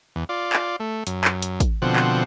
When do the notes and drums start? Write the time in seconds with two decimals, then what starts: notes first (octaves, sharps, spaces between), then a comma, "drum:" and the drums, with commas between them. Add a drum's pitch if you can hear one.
0.16 E2
0.29 F4 D5
0.53 drum: clap
0.80 A3
1.07 F#2, drum: hi-hat
1.25 drum: clap
1.42 drum: hi-hat
1.60 drum: kick, hi-hat
1.82 B2 D3 F3 C4 F#5
1.96 drum: clap